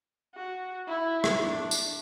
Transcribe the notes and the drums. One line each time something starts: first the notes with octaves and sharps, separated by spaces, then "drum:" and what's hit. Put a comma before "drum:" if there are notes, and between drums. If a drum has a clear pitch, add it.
F#4
E4
drum: rim click
D4
drum: tambourine